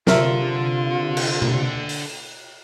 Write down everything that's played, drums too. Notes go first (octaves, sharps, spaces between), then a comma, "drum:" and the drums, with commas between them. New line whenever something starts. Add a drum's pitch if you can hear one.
C3 D4 F4 A4 A#4 E5, drum: snare
drum: cymbal
drum: tom B2
drum: open hi-hat